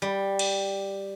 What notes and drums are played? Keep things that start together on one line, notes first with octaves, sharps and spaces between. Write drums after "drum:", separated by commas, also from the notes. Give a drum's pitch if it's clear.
G3
drum: cymbal